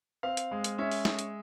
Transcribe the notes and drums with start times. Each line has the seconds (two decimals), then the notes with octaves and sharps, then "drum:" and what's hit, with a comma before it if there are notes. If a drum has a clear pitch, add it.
0.23 C4 F5
0.37 drum: hi-hat
0.51 G#3
0.64 drum: hi-hat
0.78 C#4 E5
0.92 drum: open hi-hat
1.05 G#3, drum: snare
1.19 drum: hi-hat